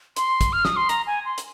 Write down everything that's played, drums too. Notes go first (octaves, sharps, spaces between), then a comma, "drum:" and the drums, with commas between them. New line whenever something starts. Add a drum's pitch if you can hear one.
C6, drum: hi-hat
drum: kick, hi-hat
F6
D#6, drum: snare
C6
A#5, drum: hi-hat
G#5
C6
drum: hi-hat